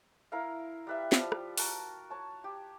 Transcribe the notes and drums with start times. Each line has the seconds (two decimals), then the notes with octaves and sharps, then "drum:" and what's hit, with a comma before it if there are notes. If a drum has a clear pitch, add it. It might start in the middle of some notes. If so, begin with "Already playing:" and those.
0.32 E4 A#4 F5
0.87 G3 B4 E5
1.12 F3 G3, drum: snare
1.32 drum: rim click
1.58 F#4 A#4 A5, drum: open hi-hat
2.10 C#5 A5
2.44 G4